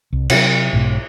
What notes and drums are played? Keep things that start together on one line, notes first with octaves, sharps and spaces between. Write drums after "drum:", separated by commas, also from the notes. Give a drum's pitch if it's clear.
C2
C3 F#3, drum: cymbal
B1 G#2 B2